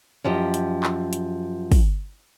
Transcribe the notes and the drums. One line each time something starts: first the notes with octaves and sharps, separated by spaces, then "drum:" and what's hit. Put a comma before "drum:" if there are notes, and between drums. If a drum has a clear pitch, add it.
F#2 F3 G4 D#5
drum: hi-hat
drum: clap
drum: hi-hat
drum: kick, open hi-hat